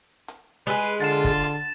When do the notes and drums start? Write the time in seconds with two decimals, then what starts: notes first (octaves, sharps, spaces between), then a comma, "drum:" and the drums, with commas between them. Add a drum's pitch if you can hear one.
0.28 drum: hi-hat
0.67 G#3 G#4 B4
1.00 D3 F4 A6 E7
1.24 drum: kick
1.44 drum: hi-hat